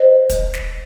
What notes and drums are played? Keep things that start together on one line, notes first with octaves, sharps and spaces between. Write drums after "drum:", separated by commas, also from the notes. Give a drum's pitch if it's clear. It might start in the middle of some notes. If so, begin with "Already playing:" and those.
Already playing: C5 D#5
drum: kick, hi-hat
drum: snare